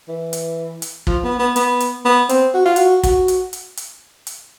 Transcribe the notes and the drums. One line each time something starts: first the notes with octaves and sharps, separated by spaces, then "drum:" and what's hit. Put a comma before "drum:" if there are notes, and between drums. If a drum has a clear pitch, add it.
E3
drum: hi-hat
drum: hi-hat
F3, drum: kick
B3
B3
B3, drum: hi-hat
drum: hi-hat
B3
C4, drum: hi-hat
F#4
F4
F#4, drum: hi-hat
F#4, drum: kick, hi-hat
drum: hi-hat
drum: hi-hat
drum: hi-hat
drum: hi-hat